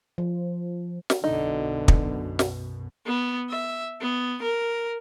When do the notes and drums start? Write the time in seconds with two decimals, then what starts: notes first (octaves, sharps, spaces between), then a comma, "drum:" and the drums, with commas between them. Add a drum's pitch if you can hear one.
0.18 F3
1.10 drum: snare
1.24 B1 F#2 B2 D3 D#4
1.88 drum: kick
2.39 drum: snare
3.06 B3
3.50 E5
4.01 B3
4.42 A#4